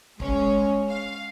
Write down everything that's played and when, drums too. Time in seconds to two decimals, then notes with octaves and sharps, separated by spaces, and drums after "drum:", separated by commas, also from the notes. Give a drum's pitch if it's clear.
0.20 G#3 C#4 C#5, drum: kick
0.89 F5